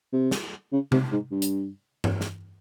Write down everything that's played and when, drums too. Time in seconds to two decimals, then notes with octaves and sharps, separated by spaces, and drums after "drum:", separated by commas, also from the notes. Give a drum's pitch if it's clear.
0.13 C3
0.31 drum: snare
0.72 C#3
0.92 C3, drum: tom C3
1.12 G#2
1.31 G2
1.42 drum: hi-hat
2.04 drum: tom G2
2.21 drum: snare